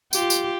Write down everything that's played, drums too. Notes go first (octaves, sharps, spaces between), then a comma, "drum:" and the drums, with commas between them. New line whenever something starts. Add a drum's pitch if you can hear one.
F4 G4, drum: tambourine
drum: tambourine